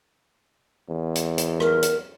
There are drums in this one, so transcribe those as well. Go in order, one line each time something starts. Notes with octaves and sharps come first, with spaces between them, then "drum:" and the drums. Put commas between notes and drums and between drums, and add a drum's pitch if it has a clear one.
E2
drum: hi-hat
drum: hi-hat
A#4, drum: rim click
drum: hi-hat